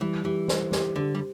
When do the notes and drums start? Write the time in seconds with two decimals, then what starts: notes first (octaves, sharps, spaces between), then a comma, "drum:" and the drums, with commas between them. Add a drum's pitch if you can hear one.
0.01 E3 G3
0.24 E3 G4
0.48 C5, drum: snare
0.72 G4, drum: snare
0.96 D3 G4
1.15 G3